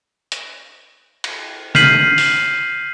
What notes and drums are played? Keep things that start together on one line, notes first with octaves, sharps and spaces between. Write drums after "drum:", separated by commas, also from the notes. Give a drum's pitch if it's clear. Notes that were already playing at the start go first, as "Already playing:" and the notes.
drum: hi-hat
drum: cymbal
F6 G6 B6 C7 D#7 F#7, drum: snare
drum: open hi-hat